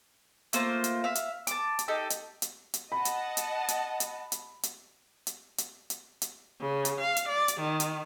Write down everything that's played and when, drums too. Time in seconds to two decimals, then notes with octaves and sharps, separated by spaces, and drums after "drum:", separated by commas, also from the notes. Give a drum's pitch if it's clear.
0.53 A3 A#3 F4 C5, drum: hi-hat
0.84 drum: hi-hat
1.04 E5 F5
1.15 drum: hi-hat
1.47 A5 D6, drum: hi-hat
1.79 drum: hi-hat
1.88 D#4 G4 A4
2.10 drum: hi-hat
2.42 drum: hi-hat
2.74 drum: hi-hat
2.92 D#5 F#5 A5 B5
3.05 drum: hi-hat
3.37 drum: hi-hat
3.68 drum: hi-hat
4.00 drum: hi-hat
4.32 drum: hi-hat
4.63 drum: hi-hat
5.27 drum: hi-hat
5.58 drum: hi-hat
5.90 drum: hi-hat
6.22 drum: hi-hat
6.60 C#3
6.85 drum: hi-hat
6.99 F5
7.17 drum: hi-hat
7.28 D5
7.48 drum: hi-hat
7.59 D#3
7.80 drum: hi-hat